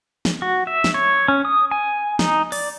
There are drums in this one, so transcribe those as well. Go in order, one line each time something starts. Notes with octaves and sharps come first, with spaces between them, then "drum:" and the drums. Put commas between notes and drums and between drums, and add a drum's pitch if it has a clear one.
drum: snare
F#4
E5
drum: snare
C#5
C#4
D#6
G#5
D#4, drum: snare
D5, drum: open hi-hat